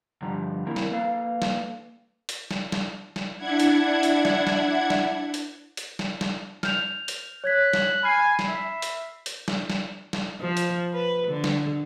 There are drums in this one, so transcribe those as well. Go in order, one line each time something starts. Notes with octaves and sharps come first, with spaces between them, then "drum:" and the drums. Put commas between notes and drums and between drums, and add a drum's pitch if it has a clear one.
G2 D3 F3 G3 A#5
D#3 A#3 C4 E4 A#4
drum: snare
A#3 A4 B4 F5
drum: snare
drum: hi-hat
drum: snare
drum: snare
drum: snare
D4 E4 F#5 G#6
drum: hi-hat
drum: hi-hat
drum: snare
drum: snare
drum: snare
drum: hi-hat
drum: hi-hat
drum: snare
drum: snare
F6 G6 F7, drum: snare
drum: hi-hat
C#5 F#6 G#6 B6
drum: snare
G#5 B5 F6 C7
drum: snare
E5
drum: hi-hat
drum: hi-hat
drum: snare
drum: snare
drum: snare
F3
drum: hi-hat
B4
D3
drum: snare